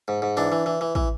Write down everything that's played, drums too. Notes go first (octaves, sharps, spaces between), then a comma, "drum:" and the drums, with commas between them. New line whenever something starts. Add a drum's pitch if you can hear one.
G#2
G#2
E3 D4
E3
E3
E3
E3, drum: kick